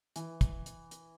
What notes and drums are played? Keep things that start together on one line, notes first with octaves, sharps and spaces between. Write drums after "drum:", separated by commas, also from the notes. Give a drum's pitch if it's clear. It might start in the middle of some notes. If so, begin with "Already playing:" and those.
E3, drum: hi-hat
drum: kick, hi-hat
drum: hi-hat
drum: hi-hat